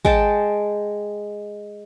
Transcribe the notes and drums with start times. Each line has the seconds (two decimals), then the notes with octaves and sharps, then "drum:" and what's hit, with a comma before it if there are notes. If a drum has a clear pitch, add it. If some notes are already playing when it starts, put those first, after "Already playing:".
0.05 G#3 G5 A5, drum: kick